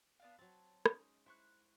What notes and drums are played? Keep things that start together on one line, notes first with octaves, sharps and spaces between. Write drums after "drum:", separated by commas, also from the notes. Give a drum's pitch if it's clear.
B3 D4 F5
F#3 C4 A5
G#3 C#4 D#4, drum: rim click
E4 C5 C#6 F#6